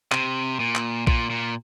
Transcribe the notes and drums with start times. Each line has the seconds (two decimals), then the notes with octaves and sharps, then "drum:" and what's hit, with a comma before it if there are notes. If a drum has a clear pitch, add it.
0.12 C3, drum: clap
0.60 A#2
0.75 drum: clap
1.07 A#2, drum: kick A#1
1.30 A#2